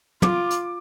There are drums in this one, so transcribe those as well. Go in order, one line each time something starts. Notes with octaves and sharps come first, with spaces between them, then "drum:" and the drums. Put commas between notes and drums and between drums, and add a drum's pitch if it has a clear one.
F4 D6, drum: tom
drum: hi-hat